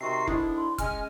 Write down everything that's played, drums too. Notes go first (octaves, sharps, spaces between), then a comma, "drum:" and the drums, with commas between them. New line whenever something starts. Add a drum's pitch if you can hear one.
C3 D#3 F#4 C6 C7
G#2 D3 D4 E4 D#6, drum: kick F1
C6
G#3 C#4 G#5 F6, drum: kick F1, hi-hat